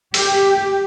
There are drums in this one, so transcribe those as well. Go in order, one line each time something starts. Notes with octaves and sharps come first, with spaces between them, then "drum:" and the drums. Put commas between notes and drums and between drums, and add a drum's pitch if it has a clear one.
G4, drum: open hi-hat